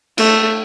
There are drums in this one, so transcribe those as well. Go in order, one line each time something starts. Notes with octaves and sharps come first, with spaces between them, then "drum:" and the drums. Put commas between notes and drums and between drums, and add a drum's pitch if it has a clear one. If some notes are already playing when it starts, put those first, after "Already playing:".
A3, drum: cymbal